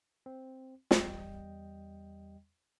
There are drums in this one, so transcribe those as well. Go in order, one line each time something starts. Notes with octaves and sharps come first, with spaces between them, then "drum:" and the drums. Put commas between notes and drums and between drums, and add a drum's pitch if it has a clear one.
C4
E2 G3 D#5 G5, drum: snare